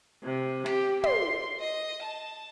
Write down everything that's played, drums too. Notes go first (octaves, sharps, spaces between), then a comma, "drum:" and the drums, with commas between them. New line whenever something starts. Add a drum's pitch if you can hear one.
C3
G4, drum: snare
C6, drum: tom
D#5
A5